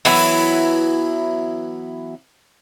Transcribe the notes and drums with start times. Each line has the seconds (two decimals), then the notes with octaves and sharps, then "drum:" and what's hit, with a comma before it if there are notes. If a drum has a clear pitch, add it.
0.05 E3 F#3 B3 E4, drum: open hi-hat